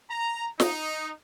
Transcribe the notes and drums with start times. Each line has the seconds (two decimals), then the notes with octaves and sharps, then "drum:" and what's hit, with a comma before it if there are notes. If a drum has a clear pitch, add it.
0.10 A#5
0.60 D#4, drum: snare